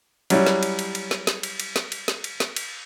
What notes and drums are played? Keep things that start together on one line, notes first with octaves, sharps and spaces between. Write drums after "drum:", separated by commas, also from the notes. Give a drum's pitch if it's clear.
F#3 G3 C#4 E4, drum: cymbal
drum: snare
drum: cymbal
drum: cymbal
drum: cymbal
drum: snare
drum: snare
drum: cymbal
drum: cymbal
drum: snare
drum: cymbal
drum: snare
drum: cymbal
drum: snare
drum: cymbal